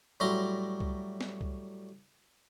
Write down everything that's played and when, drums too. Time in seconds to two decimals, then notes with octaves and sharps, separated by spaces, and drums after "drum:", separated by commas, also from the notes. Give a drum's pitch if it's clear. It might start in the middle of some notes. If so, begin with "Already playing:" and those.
0.20 A2 F#3 G3 A#5 C6
0.80 drum: kick C2
1.21 drum: snare
1.41 drum: kick C2